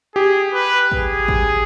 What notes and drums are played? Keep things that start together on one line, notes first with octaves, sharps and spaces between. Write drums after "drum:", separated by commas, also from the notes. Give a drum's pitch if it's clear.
G4 G#4
B4
G#4, drum: kick A1
drum: kick A1